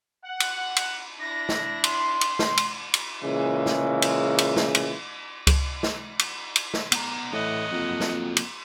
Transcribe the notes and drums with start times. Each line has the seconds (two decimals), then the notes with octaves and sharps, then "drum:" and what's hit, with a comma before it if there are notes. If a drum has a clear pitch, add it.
0.25 F#5
0.40 drum: cymbal
0.76 drum: cymbal
1.20 D4 E4 A#6
1.49 drum: snare
1.84 C6, drum: cymbal
2.21 drum: cymbal
2.39 drum: snare
2.57 drum: cymbal
2.94 drum: cymbal
3.23 A#2 C#3 E3 G#3
3.66 drum: snare
4.02 drum: cymbal
4.38 drum: cymbal
4.56 drum: snare
4.75 drum: cymbal
5.47 drum: kick C#2, cymbal
5.83 drum: snare
6.19 drum: cymbal
6.56 drum: cymbal
6.74 drum: snare
6.92 B3 A#5, drum: cymbal
7.33 A2 E3 A3 D#5 F#5
7.72 F2 F#3 A#3
8.00 drum: snare
8.37 drum: cymbal